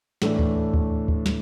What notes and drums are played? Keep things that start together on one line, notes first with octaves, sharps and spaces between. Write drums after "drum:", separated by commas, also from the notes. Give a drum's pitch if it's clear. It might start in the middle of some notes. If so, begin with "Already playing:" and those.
A2 E3 A3 D4, drum: snare
drum: kick
drum: kick
drum: kick
drum: snare